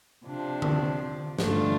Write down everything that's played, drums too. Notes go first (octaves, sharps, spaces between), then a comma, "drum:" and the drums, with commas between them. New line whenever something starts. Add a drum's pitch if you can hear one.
C3 F3 D4
drum: tom D3
G2 D3 A3 D4 F4, drum: snare